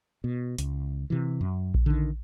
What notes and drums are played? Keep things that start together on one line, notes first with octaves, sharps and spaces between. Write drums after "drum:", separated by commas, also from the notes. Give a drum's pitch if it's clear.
B2
C#2, drum: hi-hat
C3 E3
F#2
drum: kick A#1
D3 D#3